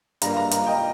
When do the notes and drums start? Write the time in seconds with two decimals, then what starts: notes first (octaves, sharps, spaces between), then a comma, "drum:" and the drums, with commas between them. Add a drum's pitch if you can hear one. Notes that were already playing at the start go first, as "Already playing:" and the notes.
0.22 G2 G3 A#3 F5 A#5, drum: hi-hat
0.37 F5 A#5
0.51 F5 A#5, drum: hi-hat
0.66 D#5 G5